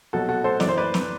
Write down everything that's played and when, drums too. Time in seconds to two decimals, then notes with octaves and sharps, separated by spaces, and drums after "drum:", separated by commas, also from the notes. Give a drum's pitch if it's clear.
0.13 C2 B2 F#3 F#4 A4
0.29 F#4 A4
0.44 A4 C5
0.60 F#2 E3 D5, drum: snare
0.68 C5
0.77 B4 D5
0.94 drum: snare